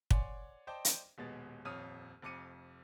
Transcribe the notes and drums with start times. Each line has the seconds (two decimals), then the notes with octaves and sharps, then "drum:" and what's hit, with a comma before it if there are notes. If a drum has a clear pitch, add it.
0.11 C#5 D5 F#5 G#5 C6, drum: kick
0.67 C5 D5 D#5 G5 A5 D6
0.85 drum: hi-hat
1.18 D#1 B2 G#3 B3 A6
1.65 D#1 F2 C#5 D#6 F6 D#7
2.22 F1 F2 D6 C#7 D#7